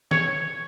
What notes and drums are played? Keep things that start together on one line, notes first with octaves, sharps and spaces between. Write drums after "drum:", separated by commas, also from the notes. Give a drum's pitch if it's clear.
C#5, drum: snare